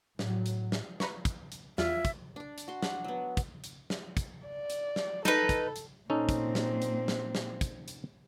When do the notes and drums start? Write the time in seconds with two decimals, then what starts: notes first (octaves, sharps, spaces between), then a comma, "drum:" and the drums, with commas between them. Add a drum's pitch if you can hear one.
0.19 A2 F#3, drum: snare
0.46 drum: hi-hat
0.72 drum: snare
1.00 B4 A#5 C#6, drum: snare
1.25 drum: kick, hi-hat
1.52 drum: hi-hat
1.78 E2 F4 E5, drum: snare
2.05 drum: kick, hi-hat
2.36 D4 D5
2.58 drum: hi-hat
2.68 F#4 C6
2.82 D4 F#5, drum: snare
3.04 F#3 B3
3.37 drum: kick, hi-hat
3.64 drum: hi-hat
3.90 drum: snare
4.17 drum: kick, hi-hat
4.47 D5
4.70 drum: hi-hat
4.96 drum: snare
5.25 D#4 A4 B4, drum: snare
5.49 drum: kick, hi-hat
5.76 drum: hi-hat
6.10 A#2 C4 C#4 D#4 A4
6.29 drum: kick, hi-hat
6.55 drum: snare
6.82 drum: hi-hat
7.08 drum: snare
7.35 drum: snare
7.61 drum: kick, hi-hat
7.88 drum: hi-hat